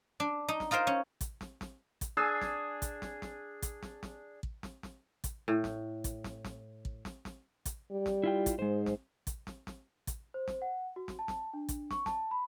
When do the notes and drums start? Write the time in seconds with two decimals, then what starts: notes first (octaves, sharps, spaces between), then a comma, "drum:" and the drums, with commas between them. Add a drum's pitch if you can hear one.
0.20 D4
0.48 D#4
0.60 drum: snare
0.71 D#4 F4 A#4 C5 G5
0.87 C#4
1.21 drum: kick, hi-hat
1.41 drum: snare
1.61 drum: snare
2.01 drum: kick, hi-hat
2.17 D4 G#4 G#5 E6
2.42 drum: snare
2.82 drum: kick, hi-hat
3.02 drum: snare
3.22 drum: snare
3.62 drum: kick, hi-hat
3.83 drum: snare
4.03 drum: snare
4.43 drum: kick
4.63 drum: snare
4.83 drum: snare
5.24 drum: kick, hi-hat
5.48 A2
5.64 drum: snare
6.04 drum: kick, hi-hat
6.24 drum: snare
6.45 drum: snare
6.85 drum: kick
7.05 drum: snare
7.25 drum: snare
7.65 drum: kick, hi-hat
7.91 G3
8.06 drum: snare
8.24 E4 F4 G5
8.46 drum: kick, hi-hat
8.59 G#2 G#3 C5
8.86 drum: snare
9.27 drum: kick, hi-hat
9.47 drum: snare
9.67 drum: snare
10.07 drum: kick, hi-hat
10.34 C5
10.48 drum: snare
10.62 F#5
10.96 F#4
11.08 drum: snare
11.19 A5
11.28 drum: snare
11.53 D4
11.69 drum: kick, hi-hat
11.91 C#6, drum: snare
12.06 A5, drum: snare
12.31 B5